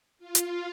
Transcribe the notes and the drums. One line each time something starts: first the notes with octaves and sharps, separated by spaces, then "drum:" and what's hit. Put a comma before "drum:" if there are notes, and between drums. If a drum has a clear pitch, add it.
F4
drum: hi-hat